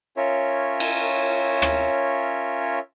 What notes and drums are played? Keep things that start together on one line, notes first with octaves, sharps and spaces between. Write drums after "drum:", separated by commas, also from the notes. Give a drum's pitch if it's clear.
C#4 F4 A#4 C#5 E5
drum: cymbal
drum: rim click